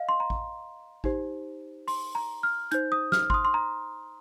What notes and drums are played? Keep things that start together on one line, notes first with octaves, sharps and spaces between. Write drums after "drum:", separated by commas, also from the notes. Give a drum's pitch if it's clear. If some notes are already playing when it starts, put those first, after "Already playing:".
Already playing: D#5 F5
C6
A#5
drum: kick A1
D#4 G4 C5, drum: kick A1
C6, drum: open hi-hat
A#5
F6
D#4 C5 G6, drum: hi-hat
D#6
F6, drum: snare
C6, drum: kick A1
D#6
C6
A#5